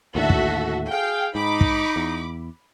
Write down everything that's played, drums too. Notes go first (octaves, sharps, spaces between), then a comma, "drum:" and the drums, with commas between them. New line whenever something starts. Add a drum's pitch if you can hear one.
D#2 A2 D3 F#4 A4 E5
drum: kick
G#4 F5 G5
G#2 D#4 B5 D6
drum: kick
E2